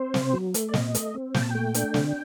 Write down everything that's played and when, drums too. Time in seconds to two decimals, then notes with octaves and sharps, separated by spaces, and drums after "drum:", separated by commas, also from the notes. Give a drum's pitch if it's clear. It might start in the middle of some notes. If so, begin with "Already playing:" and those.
Already playing: C4 C5
0.14 C3, drum: snare
0.33 F#3
0.54 A3, drum: hi-hat
0.69 D5
0.74 A#2 D#5, drum: snare
0.95 A3, drum: hi-hat
1.14 C4
1.34 A#2 G5, drum: snare
1.42 A5
1.50 A3 G5
1.74 D4, drum: hi-hat
1.94 D3, drum: snare